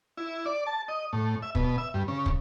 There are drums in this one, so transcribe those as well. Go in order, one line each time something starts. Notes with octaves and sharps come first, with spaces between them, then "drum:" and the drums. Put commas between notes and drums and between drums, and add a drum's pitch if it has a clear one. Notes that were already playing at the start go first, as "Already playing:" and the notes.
E4
D5
A5
D#5
A2
E5
B2, drum: kick
E5
G2
C#3
drum: kick